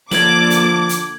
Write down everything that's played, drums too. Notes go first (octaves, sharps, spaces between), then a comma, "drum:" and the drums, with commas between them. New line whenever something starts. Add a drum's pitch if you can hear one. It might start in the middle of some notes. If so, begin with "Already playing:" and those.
D3 F3 A#3 A5 D6 G#6 F#7, drum: snare
drum: hi-hat
drum: hi-hat